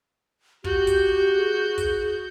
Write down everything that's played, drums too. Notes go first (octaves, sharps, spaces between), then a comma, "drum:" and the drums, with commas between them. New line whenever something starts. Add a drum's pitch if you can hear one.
F#4 G4 G6, drum: kick
drum: kick, hi-hat
G#4
drum: kick, hi-hat